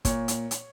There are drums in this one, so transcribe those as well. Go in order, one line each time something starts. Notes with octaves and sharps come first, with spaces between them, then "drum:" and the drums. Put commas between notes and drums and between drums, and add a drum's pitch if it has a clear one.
A#2 C#5, drum: kick, hi-hat
drum: hi-hat
drum: hi-hat